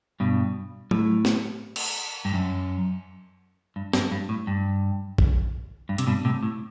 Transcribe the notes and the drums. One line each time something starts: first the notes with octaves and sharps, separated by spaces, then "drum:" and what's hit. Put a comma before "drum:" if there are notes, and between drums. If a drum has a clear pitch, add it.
G2 B2
A2, drum: tom F#3
drum: snare
drum: cymbal
G2
F#2
G2
G2, drum: snare
G2
A2
G2
drum: kick
G2
C3, drum: hi-hat
G2 B2
A2 C3
A2